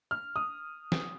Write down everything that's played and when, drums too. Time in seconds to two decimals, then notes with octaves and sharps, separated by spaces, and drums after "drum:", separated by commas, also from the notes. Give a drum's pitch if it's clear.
0.11 F6
0.36 D#6
0.92 drum: snare